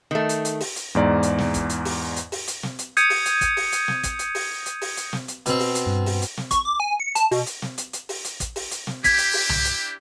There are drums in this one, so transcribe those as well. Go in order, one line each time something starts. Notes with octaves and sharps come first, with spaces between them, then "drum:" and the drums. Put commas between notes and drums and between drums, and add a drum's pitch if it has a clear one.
D#3 A3
drum: hi-hat
drum: hi-hat
drum: open hi-hat
drum: hi-hat
E2 G#2 D5 A#5
drum: hi-hat
drum: snare
drum: kick, hi-hat
drum: hi-hat
drum: open hi-hat
drum: hi-hat
drum: open hi-hat
drum: hi-hat
drum: snare
drum: hi-hat
D#6 G6 G#6 C#7 D#7, drum: hi-hat
drum: open hi-hat
drum: hi-hat
drum: kick, hi-hat
drum: open hi-hat
drum: hi-hat
drum: snare
drum: kick, hi-hat
drum: hi-hat
drum: open hi-hat
drum: hi-hat
drum: open hi-hat
drum: hi-hat
drum: snare
drum: hi-hat
B2 C4, drum: hi-hat
drum: open hi-hat
drum: hi-hat
G2
drum: open hi-hat
drum: hi-hat
drum: snare
C#6, drum: kick, hi-hat
D6
G#5
C#7
A5, drum: hi-hat
B2, drum: open hi-hat
drum: hi-hat
drum: snare
drum: hi-hat
drum: hi-hat
drum: open hi-hat
drum: hi-hat
drum: kick, hi-hat
drum: open hi-hat
drum: hi-hat
drum: snare
D4 E4 G4 G#6 B6, drum: kick, hi-hat
drum: hi-hat
drum: open hi-hat
drum: tom C2
drum: hi-hat